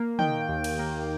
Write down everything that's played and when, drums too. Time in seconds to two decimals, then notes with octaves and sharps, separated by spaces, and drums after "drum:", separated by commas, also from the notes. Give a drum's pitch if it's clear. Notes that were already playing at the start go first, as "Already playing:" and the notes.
Already playing: A#3
0.19 D#3 G5, drum: tom
0.49 D#2
0.64 drum: cymbal
0.79 A#3